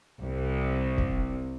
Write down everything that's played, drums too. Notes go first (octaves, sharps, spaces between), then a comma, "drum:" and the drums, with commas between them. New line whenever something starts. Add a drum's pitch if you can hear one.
C2
drum: kick